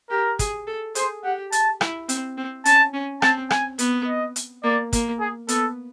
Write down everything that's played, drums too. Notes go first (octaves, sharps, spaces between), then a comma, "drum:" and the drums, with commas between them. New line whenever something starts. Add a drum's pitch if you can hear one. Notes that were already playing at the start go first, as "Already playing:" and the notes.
G4 A#4
G#4, drum: kick, hi-hat
A4
G#4 C5, drum: hi-hat
G4 F#5
A5, drum: hi-hat
E4, drum: rim click
C4, drum: hi-hat
C4
C#4 A5, drum: hi-hat
C#4
C4 A5, drum: rim click
G#5, drum: rim click
B3, drum: hi-hat
D#5
drum: hi-hat
A#3 D5
A#3, drum: kick, hi-hat
G#4
B3 A4, drum: hi-hat